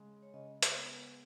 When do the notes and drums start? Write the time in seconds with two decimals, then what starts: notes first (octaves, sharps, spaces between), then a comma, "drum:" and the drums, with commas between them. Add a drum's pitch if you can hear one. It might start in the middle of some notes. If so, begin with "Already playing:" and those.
Already playing: C#3 G#3
0.22 C#5
0.34 C#3 D#5
0.63 C#5, drum: hi-hat
0.77 B3
0.90 B4